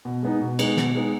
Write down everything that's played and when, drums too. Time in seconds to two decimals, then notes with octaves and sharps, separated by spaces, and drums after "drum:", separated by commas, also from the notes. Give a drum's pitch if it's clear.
0.05 B2
0.22 G#3 B3 D#4
0.41 B2
0.59 G#3 B3 D#4, drum: cymbal
0.77 B2, drum: snare
0.95 G#3 B3 D#4